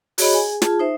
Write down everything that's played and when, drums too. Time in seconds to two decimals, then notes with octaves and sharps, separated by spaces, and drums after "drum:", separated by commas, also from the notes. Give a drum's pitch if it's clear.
0.18 F#4 G#4 C#5 D#5 B5, drum: open hi-hat
0.33 G#4 G#5
0.62 F4 G#4 A5, drum: snare
0.79 D#4 C5 E5